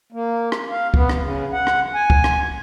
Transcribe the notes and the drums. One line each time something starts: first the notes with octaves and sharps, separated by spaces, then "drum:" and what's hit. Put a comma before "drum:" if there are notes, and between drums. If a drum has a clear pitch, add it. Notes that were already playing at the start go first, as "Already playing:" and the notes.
A#3
drum: rim click
F5
B3, drum: kick C#2
drum: rim click
C#3
F#5
drum: rim click
G#5
drum: kick C#2
drum: rim click